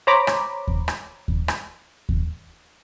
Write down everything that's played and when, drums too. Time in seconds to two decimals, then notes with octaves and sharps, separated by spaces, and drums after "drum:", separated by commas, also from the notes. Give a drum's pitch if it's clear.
0.07 C5 C#5 A#5 B5 D6
0.27 drum: rim click
0.68 drum: kick D#2
0.88 drum: rim click
1.28 drum: kick D#2
1.48 drum: rim click
2.09 drum: kick D#2